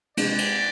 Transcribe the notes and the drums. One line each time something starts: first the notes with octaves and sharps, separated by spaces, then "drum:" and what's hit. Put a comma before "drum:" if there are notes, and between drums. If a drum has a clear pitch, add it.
C3 G#3 D4 D5, drum: cymbal
drum: cymbal